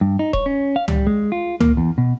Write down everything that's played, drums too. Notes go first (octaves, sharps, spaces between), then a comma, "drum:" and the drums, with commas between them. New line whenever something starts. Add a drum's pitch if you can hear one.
G2
D#4
C#5, drum: kick D#1
C#4
F5
G3, drum: tom C#2
G#3
F4
A#3, drum: tom C#2
E2
B2